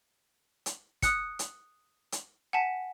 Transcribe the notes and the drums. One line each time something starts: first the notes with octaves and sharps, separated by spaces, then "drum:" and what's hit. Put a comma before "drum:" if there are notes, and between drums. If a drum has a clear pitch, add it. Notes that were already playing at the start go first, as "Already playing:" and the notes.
drum: hi-hat
D#6 F#6 C#7, drum: kick, hi-hat
drum: hi-hat
drum: hi-hat
F#5 G#5 A5 B6